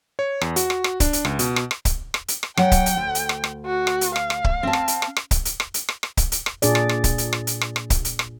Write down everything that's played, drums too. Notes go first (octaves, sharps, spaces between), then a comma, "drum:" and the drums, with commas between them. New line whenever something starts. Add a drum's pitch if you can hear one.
C#5
E2, drum: rim click
F#4, drum: hi-hat
drum: rim click
drum: rim click
D4, drum: kick C#1, hi-hat
drum: hi-hat
C#2, drum: rim click
B2, drum: hi-hat
drum: rim click
drum: rim click
drum: kick C#1, hi-hat
drum: rim click
drum: hi-hat
drum: rim click
F#3 F#5 G5, drum: rim click
drum: kick C#1, hi-hat
drum: hi-hat
D2
drum: hi-hat
drum: rim click
drum: rim click
F#4
drum: rim click
drum: hi-hat
F5, drum: rim click
drum: rim click
drum: kick C#1
C4 A5
drum: rim click
drum: hi-hat
drum: rim click
drum: rim click
drum: kick C#1, hi-hat
drum: hi-hat
drum: rim click
drum: hi-hat
drum: rim click
drum: rim click
drum: kick C#1, hi-hat
drum: hi-hat
drum: rim click
A#2 D4 G#4 D5, drum: hi-hat
drum: rim click
drum: rim click
drum: kick C#1, hi-hat
drum: hi-hat
drum: rim click
drum: hi-hat
drum: rim click
drum: rim click
drum: kick C#1, hi-hat
drum: hi-hat
drum: rim click